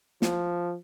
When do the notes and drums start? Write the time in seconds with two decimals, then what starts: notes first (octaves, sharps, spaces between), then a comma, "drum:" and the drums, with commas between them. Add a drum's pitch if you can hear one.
0.22 F3, drum: snare